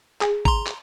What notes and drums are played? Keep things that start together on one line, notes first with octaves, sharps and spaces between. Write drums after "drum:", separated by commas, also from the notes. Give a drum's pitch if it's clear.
G#4, drum: clap
A#5 C6, drum: kick G#1
drum: clap